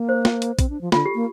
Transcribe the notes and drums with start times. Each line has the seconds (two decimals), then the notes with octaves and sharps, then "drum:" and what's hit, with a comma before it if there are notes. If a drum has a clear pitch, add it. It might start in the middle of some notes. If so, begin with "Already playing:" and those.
Already playing: A#3
0.09 C5
0.25 drum: snare
0.42 drum: hi-hat
0.59 C4, drum: kick A#1, hi-hat
0.70 D4
0.81 F3
0.92 D3 F4, drum: snare
1.05 G4
1.15 A#3